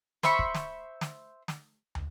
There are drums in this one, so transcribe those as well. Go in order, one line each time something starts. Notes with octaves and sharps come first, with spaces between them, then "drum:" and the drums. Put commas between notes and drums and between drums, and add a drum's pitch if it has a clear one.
C5 E5 B5 C#6, drum: snare
drum: kick
drum: snare
drum: snare
drum: snare
drum: tom